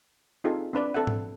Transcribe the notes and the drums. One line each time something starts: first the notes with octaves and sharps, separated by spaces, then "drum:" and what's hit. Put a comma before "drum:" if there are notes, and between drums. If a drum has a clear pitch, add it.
C4 D#4 F4 G#4 A4
C4 D4 B4 D5
C4 A4 E5 F#5
drum: tom G#2